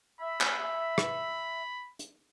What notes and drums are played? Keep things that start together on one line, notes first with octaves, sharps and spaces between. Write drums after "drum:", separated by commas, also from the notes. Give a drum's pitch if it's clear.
E5 B5
drum: clap
drum: rim click
drum: hi-hat